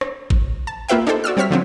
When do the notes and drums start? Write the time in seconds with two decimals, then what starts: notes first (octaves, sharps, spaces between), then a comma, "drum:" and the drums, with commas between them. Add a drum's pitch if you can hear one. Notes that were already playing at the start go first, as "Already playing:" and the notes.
0.01 drum: rim click
0.30 drum: kick
0.67 A5
0.88 A#3 F4 B4 E5 G5
1.07 D4 D#4 G4 A4 C5
1.24 F#4 D5 E6 F6
1.37 G3 C4 C#5 E5 F6 B6
1.50 D3 F3 F#3 C4